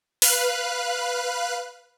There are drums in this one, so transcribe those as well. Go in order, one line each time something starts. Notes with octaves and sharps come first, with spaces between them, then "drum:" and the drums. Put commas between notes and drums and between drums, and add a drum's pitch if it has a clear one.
B4 F5 F#6, drum: open hi-hat